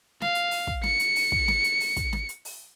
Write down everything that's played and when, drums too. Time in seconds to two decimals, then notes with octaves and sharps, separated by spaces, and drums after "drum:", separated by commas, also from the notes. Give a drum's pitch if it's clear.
0.22 F5, drum: snare
0.35 drum: hi-hat
0.51 drum: open hi-hat
0.67 drum: kick
0.83 C#7, drum: snare
1.00 drum: hi-hat
1.16 drum: open hi-hat
1.32 drum: kick
1.48 drum: snare
1.64 drum: hi-hat
1.80 drum: open hi-hat
1.96 drum: kick, hi-hat
2.13 drum: snare
2.29 drum: hi-hat
2.45 drum: open hi-hat